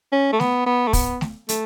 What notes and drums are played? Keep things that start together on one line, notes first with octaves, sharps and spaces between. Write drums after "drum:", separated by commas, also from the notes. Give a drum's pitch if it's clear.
C#4
A3
B3, drum: snare A3
B3
A3
B3, drum: kick, open hi-hat
drum: snare A3
A3, drum: hi-hat